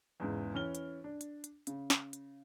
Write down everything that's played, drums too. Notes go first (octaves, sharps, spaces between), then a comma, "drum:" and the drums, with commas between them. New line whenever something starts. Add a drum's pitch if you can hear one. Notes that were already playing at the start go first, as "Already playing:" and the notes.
E2 G#2 C#3
E3 C#4 F6 G7
drum: hi-hat
D4
drum: hi-hat
drum: hi-hat
C#3, drum: hi-hat
drum: snare
drum: hi-hat